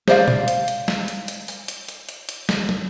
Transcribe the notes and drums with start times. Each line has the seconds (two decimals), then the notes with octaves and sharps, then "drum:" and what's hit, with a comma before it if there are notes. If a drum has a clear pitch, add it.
0.08 C5 D5 F5, drum: snare
0.28 drum: tom A#2
0.48 drum: hi-hat
0.68 drum: hi-hat
0.88 drum: snare
1.08 drum: hi-hat
1.28 drum: hi-hat
1.48 drum: open hi-hat
1.68 drum: hi-hat
1.88 drum: hi-hat
2.09 drum: hi-hat
2.29 drum: hi-hat
2.49 drum: snare
2.69 drum: tom